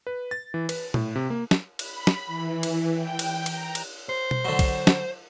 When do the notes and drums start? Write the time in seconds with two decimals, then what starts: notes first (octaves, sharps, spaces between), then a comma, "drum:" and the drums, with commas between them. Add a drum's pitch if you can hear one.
0.07 B4
0.31 A6
0.54 E3
0.69 B4, drum: cymbal
0.94 A2, drum: tom A#2
1.15 C3
1.30 A#3
1.51 drum: snare
1.79 B5, drum: cymbal
2.07 drum: snare
2.26 E3
2.63 drum: cymbal
2.95 G5
3.19 drum: cymbal
3.46 A#5, drum: cymbal
3.75 drum: cymbal
4.09 C5
4.31 drum: tom B2
4.45 D3 F#3
4.59 drum: kick A#1, cymbal
4.87 drum: snare